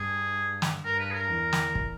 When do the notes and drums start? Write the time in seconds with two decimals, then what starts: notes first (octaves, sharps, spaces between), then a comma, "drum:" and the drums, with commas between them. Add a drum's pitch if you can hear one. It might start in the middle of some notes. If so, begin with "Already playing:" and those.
Already playing: G2 G#4
0.62 drum: snare
0.85 G2 A#4
0.99 B4
1.11 G#4
1.14 A#4
1.30 E2
1.53 drum: snare
1.75 drum: kick